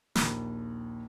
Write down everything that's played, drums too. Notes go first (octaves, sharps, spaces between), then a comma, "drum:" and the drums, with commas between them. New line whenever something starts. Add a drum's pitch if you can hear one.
A#1 D#2 A#5 B5, drum: snare